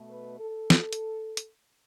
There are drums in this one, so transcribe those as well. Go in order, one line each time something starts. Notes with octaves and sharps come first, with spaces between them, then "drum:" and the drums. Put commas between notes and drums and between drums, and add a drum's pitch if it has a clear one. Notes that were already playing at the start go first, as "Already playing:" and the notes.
Already playing: B2 A3
B4
A4
drum: snare
drum: hi-hat
drum: hi-hat